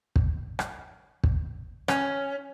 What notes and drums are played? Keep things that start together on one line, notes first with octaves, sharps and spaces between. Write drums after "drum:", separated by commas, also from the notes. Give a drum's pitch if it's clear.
drum: kick
drum: rim click
drum: kick
C#4, drum: rim click